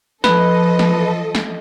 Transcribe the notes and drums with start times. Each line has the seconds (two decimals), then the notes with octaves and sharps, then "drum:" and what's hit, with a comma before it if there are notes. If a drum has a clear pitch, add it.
0.24 F3 A4 B4 D#5, drum: snare
0.79 drum: snare
1.35 drum: snare